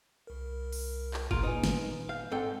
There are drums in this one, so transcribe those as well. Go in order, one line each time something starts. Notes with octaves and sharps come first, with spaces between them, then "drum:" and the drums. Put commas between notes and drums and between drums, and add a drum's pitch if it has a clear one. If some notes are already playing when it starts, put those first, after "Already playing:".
C2 A#4
drum: open hi-hat
drum: clap
A#2 F4 G#4 A#5 D7, drum: kick G1
A#3 D#4 B4 G#5
drum: snare
F5 G6
G#2 C4 A4 G5